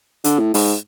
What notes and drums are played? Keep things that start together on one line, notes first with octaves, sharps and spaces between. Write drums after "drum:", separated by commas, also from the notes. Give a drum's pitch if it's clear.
D3, drum: hi-hat
A2
G#2, drum: open hi-hat